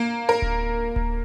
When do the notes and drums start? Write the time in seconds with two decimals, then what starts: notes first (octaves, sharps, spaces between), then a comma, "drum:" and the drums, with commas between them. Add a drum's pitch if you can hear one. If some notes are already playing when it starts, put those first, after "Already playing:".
Already playing: A#3
0.29 A#4
0.42 drum: kick D1
0.96 drum: kick D1